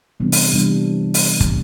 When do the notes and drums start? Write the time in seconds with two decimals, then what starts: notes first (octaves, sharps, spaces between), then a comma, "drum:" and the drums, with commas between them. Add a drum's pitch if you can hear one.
0.20 C3 E3 G3 B3 D4
0.32 drum: open hi-hat
0.53 C3 E3 G3 B3 D4
1.14 drum: open hi-hat
1.40 drum: kick